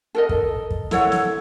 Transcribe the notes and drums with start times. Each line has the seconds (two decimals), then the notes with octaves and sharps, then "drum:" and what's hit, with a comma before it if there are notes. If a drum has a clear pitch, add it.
0.15 A4 A#4 D#5
0.29 drum: kick
0.71 drum: kick
0.91 E4 A4 C#5 F#5, drum: snare
1.12 drum: snare